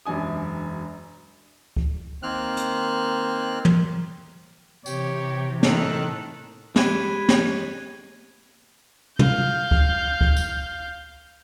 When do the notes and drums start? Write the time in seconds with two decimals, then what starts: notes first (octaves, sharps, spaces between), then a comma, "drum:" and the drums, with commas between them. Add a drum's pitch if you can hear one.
0.05 E1 F#2 D4 G#5 D#6
1.76 drum: kick C#2
2.23 D#3 A#3 C4 F6 F#6
2.57 drum: hi-hat
3.65 drum: tom
4.86 C3 E3 G4 C#5, drum: tambourine
5.63 A2 D#3 A4 F#6, drum: snare
6.76 G#3 G4 B5 F#6 G#6 D#7, drum: snare
7.29 drum: snare
9.19 F5 G6, drum: tom
9.71 drum: kick C#2
10.21 drum: kick C#2
10.37 drum: tambourine